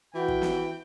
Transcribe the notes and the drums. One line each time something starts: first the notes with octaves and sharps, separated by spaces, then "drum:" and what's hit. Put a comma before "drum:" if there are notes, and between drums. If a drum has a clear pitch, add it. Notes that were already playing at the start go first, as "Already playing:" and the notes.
E3 F#4 G5
drum: kick
drum: snare